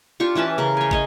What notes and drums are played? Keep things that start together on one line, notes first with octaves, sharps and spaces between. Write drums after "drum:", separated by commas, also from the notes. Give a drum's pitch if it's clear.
D4 F4 G4 C#6
E3 C#4 B4 A5
C#3 A#4
C#5 G#5
C#5 D#5 G#5, drum: kick